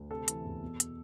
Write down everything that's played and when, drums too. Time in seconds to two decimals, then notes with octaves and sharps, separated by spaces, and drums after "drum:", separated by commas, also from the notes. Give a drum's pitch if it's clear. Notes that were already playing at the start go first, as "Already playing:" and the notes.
Already playing: D2
0.10 C3 A4
0.28 E3, drum: hi-hat
0.45 E2
0.62 B2
0.80 drum: hi-hat